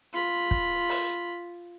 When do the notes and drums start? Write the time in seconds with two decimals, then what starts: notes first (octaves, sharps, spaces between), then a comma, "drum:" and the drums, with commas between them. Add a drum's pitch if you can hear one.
0.13 F4 B5
0.51 drum: kick
0.89 drum: open hi-hat